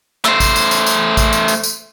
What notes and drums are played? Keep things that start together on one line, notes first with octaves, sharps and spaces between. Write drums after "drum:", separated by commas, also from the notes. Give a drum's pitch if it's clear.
A3 C5, drum: clap
drum: kick A1, tambourine
drum: tambourine
drum: tambourine
drum: tambourine
drum: kick A1, tambourine
drum: tambourine
drum: tambourine
drum: tambourine